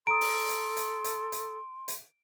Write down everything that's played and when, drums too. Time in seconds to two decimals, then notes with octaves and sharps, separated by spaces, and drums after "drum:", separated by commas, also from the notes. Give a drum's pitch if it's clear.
0.07 A4 A#5 C6 D#6 D7
0.21 drum: open hi-hat
0.49 drum: hi-hat
0.77 drum: hi-hat
1.04 drum: hi-hat
1.32 drum: hi-hat
1.88 drum: hi-hat